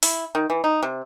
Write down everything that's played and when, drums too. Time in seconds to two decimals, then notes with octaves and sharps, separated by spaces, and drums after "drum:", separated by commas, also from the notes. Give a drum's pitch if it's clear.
0.03 E4, drum: open hi-hat
0.35 D#3
0.50 E3
0.64 D#4
0.83 C3